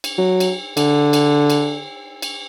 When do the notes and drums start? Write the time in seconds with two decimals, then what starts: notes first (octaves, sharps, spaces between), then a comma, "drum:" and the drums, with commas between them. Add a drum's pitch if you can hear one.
0.04 drum: cymbal
0.18 F#3
0.40 drum: cymbal
0.77 D3, drum: cymbal
1.13 drum: cymbal
1.50 drum: cymbal
2.22 drum: cymbal